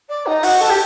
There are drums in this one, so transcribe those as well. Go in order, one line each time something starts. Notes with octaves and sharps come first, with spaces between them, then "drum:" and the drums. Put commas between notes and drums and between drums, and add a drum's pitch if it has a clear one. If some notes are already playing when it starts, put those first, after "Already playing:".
D5
D#4
F#4, drum: open hi-hat
A4
G4